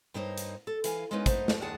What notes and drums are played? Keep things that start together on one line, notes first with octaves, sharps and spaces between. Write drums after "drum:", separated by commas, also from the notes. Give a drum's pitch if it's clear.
G2 A#3 D#4 C5 C#5
drum: hi-hat
A4
E3 F5 G#5, drum: hi-hat
G#3 A#3 B3 C#4 D#4 B4
A3 D#4 B4 C5 F#5, drum: kick, hi-hat
drum: snare
D#2 D4 G#4 D5 F#5 A5